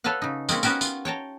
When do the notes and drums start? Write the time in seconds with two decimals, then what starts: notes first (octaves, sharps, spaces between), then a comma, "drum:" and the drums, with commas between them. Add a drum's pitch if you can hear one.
0.04 A4 B4 C#5 F5 F#5
0.22 C#3 D#4
0.49 G#3 A#3 C4 C#4, drum: tambourine
0.63 B3 C#4 F#4 G4 A#4, drum: tambourine
0.81 F4, drum: tambourine
1.05 C#5 G5 A5 A#5